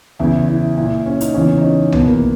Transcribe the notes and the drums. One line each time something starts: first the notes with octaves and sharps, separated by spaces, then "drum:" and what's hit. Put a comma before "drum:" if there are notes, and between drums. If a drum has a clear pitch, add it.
E2 C#3 E3 E4
E4
A#2 E4
C#4
D#4, drum: hi-hat
E2 C#3 E3 C#4
D#4
C#4
E2 B2 B3, drum: tom B1
A#3